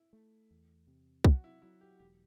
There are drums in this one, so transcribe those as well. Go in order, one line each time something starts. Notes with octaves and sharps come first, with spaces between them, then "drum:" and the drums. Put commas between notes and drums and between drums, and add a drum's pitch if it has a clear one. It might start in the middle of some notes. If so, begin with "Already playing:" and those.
Already playing: E4
A3
E2
C3
F#3 F#4, drum: kick
E4
F#3 E4
G4
E1 G4